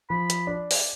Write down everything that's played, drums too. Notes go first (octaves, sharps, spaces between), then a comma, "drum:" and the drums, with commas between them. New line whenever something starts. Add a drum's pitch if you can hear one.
F3 B5
drum: hi-hat
D4
drum: open hi-hat